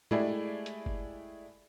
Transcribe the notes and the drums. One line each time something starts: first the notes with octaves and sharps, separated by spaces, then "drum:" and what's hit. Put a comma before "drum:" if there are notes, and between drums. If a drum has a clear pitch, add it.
G#3 A3 E4 G4 G#4 D5, drum: tom
drum: hi-hat
drum: kick